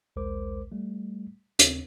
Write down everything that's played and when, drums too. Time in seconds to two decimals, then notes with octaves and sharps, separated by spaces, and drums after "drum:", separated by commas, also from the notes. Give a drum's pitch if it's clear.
0.16 A#1 D#2 G#3 A#4 C5 D6
0.72 G3 A3
1.59 D#2 C#3 C4, drum: hi-hat